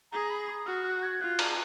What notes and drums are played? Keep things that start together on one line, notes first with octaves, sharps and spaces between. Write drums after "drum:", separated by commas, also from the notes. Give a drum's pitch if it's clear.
G#4 A#5
B5
D#6
F#4 F6
F#6
G#6
F4 F#6
F6, drum: cymbal